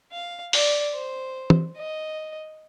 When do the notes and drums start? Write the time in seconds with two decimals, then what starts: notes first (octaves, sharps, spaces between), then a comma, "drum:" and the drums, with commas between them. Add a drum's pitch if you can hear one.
0.12 F5
0.53 D5, drum: open hi-hat
0.94 C5
1.50 drum: tom
1.77 D#5